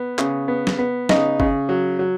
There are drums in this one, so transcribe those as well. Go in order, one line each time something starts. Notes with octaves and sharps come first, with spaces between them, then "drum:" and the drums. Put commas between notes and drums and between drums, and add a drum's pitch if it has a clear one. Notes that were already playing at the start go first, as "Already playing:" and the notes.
Already playing: B3
C#3, drum: clap
B3
drum: snare
B3
C#3 D#4, drum: snare
C#3, drum: kick G1
F#3
F#3